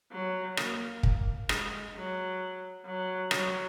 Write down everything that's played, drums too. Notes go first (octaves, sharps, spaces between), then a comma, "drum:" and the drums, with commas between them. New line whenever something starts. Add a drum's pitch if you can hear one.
F#3
A#3, drum: rim click
drum: kick
G#3, drum: rim click
F#3
F#3
F#3, drum: rim click